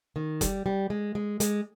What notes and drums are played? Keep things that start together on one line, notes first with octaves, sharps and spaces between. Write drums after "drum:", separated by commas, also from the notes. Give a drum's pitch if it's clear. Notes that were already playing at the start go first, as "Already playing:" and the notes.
D#3
G3, drum: kick F1, hi-hat
G3
G#3
G#3
G#3, drum: hi-hat